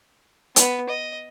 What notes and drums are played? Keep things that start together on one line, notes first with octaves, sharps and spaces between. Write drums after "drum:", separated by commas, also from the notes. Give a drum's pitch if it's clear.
B3, drum: hi-hat
D#5